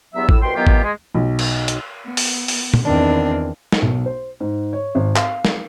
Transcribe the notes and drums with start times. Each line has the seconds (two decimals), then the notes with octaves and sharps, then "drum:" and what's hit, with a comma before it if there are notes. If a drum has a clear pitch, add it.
0.14 E2 G2 F#3 B3 E5
0.29 A2 E6, drum: kick A1
0.42 C2 B2 B4 G5 C6
0.55 D#3 E3 F#3 B3 F4 G4
0.67 drum: kick A1
0.83 G#3
1.15 B1
1.39 drum: cymbal
1.68 drum: hi-hat
2.05 B3
2.17 drum: open hi-hat
2.48 drum: open hi-hat
2.74 drum: tom
2.84 E2 D#3 C4 D4
3.72 drum: snare
3.82 B1
4.06 C5
4.40 G#2
4.73 C#5
4.95 G#1
5.16 F5, drum: clap
5.45 drum: snare